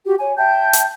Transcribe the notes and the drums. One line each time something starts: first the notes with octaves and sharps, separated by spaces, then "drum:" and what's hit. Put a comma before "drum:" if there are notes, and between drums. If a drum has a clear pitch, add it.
F#4 G4
C#5 G#5
E5 G5 A5 G6
drum: hi-hat